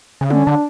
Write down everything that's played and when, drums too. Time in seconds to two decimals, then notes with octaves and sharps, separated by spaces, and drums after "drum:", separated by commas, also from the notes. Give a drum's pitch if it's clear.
0.21 C#3
0.30 D3 C#4, drum: tom
0.47 D3 D4